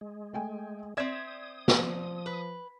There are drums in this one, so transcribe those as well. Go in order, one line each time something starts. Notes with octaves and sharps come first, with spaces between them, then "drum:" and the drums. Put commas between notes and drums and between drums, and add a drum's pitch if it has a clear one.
G#3
A3 G5 G#5
C4 D5 E5 D#6 G#6 E7
F3, drum: snare
B4